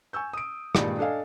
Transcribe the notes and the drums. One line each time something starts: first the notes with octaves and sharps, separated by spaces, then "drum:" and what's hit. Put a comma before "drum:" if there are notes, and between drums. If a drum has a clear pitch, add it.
G#5 C#6 E6 G6
D#6 D7
G2 A#2 D#3 G3 G#3, drum: rim click
D4 A4 D#5 F5 G#5